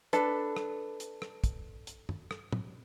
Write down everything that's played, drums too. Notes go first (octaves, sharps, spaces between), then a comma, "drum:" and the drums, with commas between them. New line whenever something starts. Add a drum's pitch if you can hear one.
D4 A4 B4, drum: hi-hat
drum: rim click
drum: hi-hat
drum: rim click
drum: kick, hi-hat
drum: hi-hat
drum: tom
drum: rim click
drum: tom